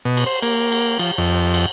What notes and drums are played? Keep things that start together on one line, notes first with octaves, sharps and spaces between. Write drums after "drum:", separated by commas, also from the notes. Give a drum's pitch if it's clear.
B2
drum: cymbal
C5
A#3, drum: cymbal
drum: cymbal
F3, drum: cymbal
F2
drum: cymbal